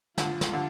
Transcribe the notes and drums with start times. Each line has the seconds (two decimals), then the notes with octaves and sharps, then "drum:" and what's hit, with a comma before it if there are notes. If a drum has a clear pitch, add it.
0.18 D3 F4, drum: snare
0.41 drum: snare
0.53 D3